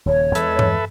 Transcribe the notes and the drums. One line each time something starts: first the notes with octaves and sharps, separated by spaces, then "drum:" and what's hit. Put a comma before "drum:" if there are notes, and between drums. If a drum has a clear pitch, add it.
D#1 D#2 C#3 C#5
E2 E3 G#3 A4 B4 E5, drum: hi-hat
drum: tom G2